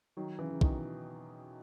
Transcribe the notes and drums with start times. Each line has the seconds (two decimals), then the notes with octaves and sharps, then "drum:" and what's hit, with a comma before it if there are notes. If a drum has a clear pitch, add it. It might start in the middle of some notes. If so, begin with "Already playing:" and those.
0.17 D#3 F#3
0.39 C#3 E3
0.50 C#3
0.61 B2 D#3, drum: kick